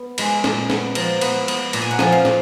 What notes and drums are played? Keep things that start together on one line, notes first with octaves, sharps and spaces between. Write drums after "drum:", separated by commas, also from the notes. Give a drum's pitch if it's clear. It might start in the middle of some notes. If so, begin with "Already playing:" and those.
Already playing: B3
G#3 B5, drum: cymbal
A#2, drum: snare
B3, drum: snare
F3 A#5, drum: cymbal
B3, drum: cymbal
B3, drum: cymbal
A#2 A#5, drum: cymbal
G#5
F#5
F3 G#5, drum: snare
F5
A#2, drum: snare